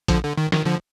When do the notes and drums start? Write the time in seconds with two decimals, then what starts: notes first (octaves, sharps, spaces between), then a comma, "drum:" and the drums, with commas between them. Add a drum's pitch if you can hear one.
0.08 D3 F3, drum: kick A#1, hi-hat
0.23 D3
0.37 D#3
0.52 D#3, drum: snare
0.65 D3 F3